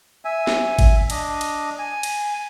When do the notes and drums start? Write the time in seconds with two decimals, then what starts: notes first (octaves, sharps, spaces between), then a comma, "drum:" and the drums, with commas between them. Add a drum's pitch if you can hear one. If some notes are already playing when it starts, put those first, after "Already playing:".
0.25 E5 G#5
0.47 drum: snare
0.79 drum: kick G#1, cymbal
1.10 D4 D#5, drum: cymbal
1.41 drum: cymbal
1.78 G#5
2.03 drum: cymbal